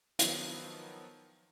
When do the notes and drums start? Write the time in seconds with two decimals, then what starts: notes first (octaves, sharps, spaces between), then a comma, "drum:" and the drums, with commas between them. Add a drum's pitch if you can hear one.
0.19 D#3 F3 F#3 B3, drum: hi-hat